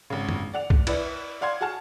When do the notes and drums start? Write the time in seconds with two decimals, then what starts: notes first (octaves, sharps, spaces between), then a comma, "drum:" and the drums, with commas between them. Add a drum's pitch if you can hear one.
0.10 G#1 C#3
0.29 drum: tom F#2
0.54 D5 F#5 F7
0.70 drum: kick
0.87 E4 B4 D5, drum: cymbal
1.41 D5 F5 F#5 C6 G#6
1.60 F#4 G#4 F#5 A5 F6